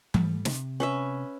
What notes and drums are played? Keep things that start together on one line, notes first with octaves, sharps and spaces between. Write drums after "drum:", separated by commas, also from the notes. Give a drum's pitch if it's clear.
G#2 G3 A3, drum: tom E3
C3, drum: snare
C#4 B4 E5